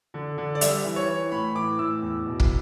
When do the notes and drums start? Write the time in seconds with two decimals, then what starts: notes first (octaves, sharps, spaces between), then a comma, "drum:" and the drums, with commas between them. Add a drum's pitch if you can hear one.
0.14 D3
0.38 D3
0.55 D5
0.61 G3 E5, drum: hi-hat
0.85 E3
0.96 C#5
1.08 E3
1.32 A2 B5
1.55 E3 D6
1.79 A2 E6
2.02 E2
2.26 B2
2.40 drum: kick